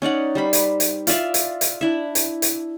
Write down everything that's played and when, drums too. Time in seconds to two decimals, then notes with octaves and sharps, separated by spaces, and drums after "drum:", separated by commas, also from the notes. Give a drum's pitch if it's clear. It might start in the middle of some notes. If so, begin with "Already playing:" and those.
0.02 C#4 D#4 D5 F#5
0.35 G3 C5 B5
0.53 drum: hi-hat
0.80 drum: hi-hat
1.07 F4 D5 E5 F5, drum: hi-hat
1.34 drum: hi-hat
1.61 drum: hi-hat
1.81 D4 E4 E5
2.15 drum: hi-hat
2.42 drum: hi-hat